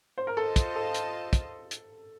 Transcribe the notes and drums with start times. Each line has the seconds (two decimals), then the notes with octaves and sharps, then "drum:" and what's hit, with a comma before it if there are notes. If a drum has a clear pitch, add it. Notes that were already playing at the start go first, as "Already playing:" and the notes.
0.18 C5
0.27 A#4
0.37 F4 A4 C5 D#5 A5
0.56 drum: kick, hi-hat
0.75 A4
0.94 drum: hi-hat
1.33 drum: kick, hi-hat
1.71 drum: hi-hat